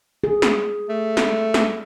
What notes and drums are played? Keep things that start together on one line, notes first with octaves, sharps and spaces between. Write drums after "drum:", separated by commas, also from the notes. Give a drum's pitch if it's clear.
G#4
drum: snare
A3
drum: snare
drum: snare